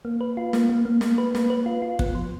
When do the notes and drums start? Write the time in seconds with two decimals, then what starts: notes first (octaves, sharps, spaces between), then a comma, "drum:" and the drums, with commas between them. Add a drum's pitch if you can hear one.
0.05 A#3
0.21 B4
0.37 F4
0.53 A#3, drum: snare
0.69 A#3
0.85 A#3
1.01 A#3, drum: snare
1.18 B4
1.35 A#3, drum: snare
1.50 B4
1.66 F4
1.82 F4
1.99 B3, drum: kick
2.15 F3